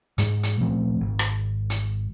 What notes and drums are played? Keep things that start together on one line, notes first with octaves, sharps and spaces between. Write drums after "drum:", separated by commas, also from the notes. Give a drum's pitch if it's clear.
G#2 G#3, drum: hi-hat
drum: hi-hat
A#2 F3 A3 C4
G#1
drum: rim click
drum: hi-hat